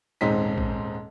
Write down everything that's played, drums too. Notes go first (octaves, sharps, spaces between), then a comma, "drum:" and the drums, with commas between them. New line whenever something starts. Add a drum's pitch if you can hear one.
D#1 G#2 G#3 C4 D#4 B6
drum: kick A#1